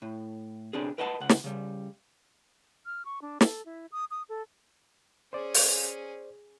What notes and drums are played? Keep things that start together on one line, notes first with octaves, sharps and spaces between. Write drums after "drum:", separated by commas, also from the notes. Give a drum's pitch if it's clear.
A2
B2 C4 D4 G#4
A#4 B4 D#5 F#5 G#5 A5
C#2 F#5
drum: snare
C#3 G3
F6
C#6
D4
A4, drum: snare
E4
D#6
D#6
A4
C#4 G#4 C5 D5
drum: open hi-hat